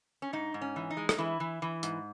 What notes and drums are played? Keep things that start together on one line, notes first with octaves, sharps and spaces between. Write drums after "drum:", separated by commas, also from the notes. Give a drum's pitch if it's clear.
C#4
G#2 D#4
G#2
C#4
E3
D#4
G#3
D#4, drum: rim click
E3 E4
E3
E3
G#2, drum: hi-hat